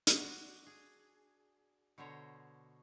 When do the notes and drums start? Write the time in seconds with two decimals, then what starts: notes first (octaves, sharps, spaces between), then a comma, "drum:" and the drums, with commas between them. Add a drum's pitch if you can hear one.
0.07 drum: hi-hat
0.16 D4 F#4
0.66 G#4
1.98 B2 D3 C5 C#5 A#5